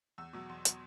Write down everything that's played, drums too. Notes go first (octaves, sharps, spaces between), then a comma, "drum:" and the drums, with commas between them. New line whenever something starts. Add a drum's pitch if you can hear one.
E2 E6
B2 F#3
E2 C6
B2 F#3, drum: hi-hat